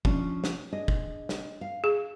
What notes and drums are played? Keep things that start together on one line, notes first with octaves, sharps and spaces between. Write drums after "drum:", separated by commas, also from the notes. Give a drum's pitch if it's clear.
F3 C#4 D4, drum: kick
drum: snare
D4 G#4 D#5
drum: kick
drum: snare
F5
G#4